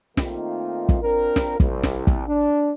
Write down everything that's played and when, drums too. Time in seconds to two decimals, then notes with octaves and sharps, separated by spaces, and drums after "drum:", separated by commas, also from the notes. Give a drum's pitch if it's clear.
0.17 D#3 A3 A#3 C4 D#4 F4, drum: snare
0.89 drum: kick
1.02 C4 D4 F4 A#4
1.36 drum: snare
1.60 C2, drum: kick
1.83 drum: snare
2.07 drum: kick
2.27 D4